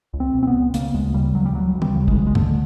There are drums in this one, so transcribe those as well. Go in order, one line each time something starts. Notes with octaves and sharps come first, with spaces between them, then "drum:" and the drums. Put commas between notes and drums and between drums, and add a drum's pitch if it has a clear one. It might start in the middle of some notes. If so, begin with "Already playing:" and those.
C#2
C4
B2
C4
B3
C#2
C#3 A#3, drum: hi-hat
D2 G#3
C#3 G3
D2 F#3
G3
C#3 F#3
D2
G3, drum: tom
C#3
G#3, drum: kick
D2
G#3
D3 A3, drum: tom G2